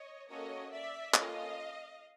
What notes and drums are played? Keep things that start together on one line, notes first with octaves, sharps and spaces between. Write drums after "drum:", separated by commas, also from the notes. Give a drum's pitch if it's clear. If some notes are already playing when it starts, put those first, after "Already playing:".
Already playing: C#5 D#5
A#3 C#4 F#4 A4 C#5 D#5
D5 E5
A#3 C#4 F4 A4 D#5 F5, drum: clap